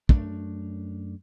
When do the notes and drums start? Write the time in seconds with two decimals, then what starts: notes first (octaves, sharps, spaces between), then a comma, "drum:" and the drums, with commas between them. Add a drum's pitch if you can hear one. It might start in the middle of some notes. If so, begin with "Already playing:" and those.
0.09 F#2 A3 D4, drum: kick